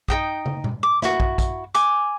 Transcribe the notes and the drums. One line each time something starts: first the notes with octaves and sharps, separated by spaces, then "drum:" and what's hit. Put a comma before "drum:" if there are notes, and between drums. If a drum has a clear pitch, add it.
D#4 A#4 G5 D#6, drum: kick
drum: tom
drum: tom A#2
D6
E4 F#4, drum: snare
drum: kick
drum: kick, hi-hat
G#5 D6, drum: hi-hat